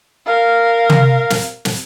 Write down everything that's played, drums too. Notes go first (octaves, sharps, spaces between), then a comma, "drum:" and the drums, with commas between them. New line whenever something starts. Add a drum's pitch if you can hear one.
A#4 F5
drum: tom
drum: snare
drum: snare